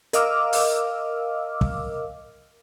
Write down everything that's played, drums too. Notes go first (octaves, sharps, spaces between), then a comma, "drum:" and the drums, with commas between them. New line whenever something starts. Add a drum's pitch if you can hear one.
A#4 D#5 F5 D6 E6 F6, drum: hi-hat
drum: open hi-hat
drum: kick